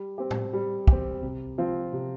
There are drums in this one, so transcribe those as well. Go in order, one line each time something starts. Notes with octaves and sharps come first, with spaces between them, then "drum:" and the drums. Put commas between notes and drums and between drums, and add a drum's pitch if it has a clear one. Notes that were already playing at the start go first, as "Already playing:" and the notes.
Already playing: G3
C4 G4
drum: tom A2
G3
C4 G4, drum: kick
C3
F3 C4 F4
C3